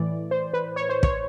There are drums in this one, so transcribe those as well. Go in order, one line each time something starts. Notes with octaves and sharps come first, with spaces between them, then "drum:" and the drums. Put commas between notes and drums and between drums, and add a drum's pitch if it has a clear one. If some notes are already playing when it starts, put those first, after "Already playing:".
Already playing: A2 E3 D5
C5
B4
C#5
C5
C#5, drum: kick